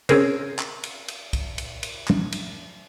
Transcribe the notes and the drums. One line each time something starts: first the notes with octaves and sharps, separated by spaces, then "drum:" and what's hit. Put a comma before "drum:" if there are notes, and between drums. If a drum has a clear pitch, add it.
C4 C#4 G#4 A#4 C5, drum: cymbal
drum: clap
drum: cymbal
drum: cymbal
drum: kick B1, cymbal
drum: cymbal
drum: cymbal
drum: clap
drum: cymbal